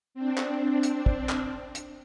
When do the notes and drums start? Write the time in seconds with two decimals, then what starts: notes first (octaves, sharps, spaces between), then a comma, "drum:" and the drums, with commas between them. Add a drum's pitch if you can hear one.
0.15 C4 D4
0.37 drum: clap
0.83 drum: hi-hat
1.06 drum: kick
1.29 drum: clap
1.75 drum: hi-hat